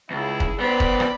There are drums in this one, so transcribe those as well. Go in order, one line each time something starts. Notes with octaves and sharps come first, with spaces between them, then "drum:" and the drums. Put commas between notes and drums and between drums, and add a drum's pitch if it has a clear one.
C#2 E4 G#4
drum: kick
B3 C5 D5 B5
drum: kick
drum: rim click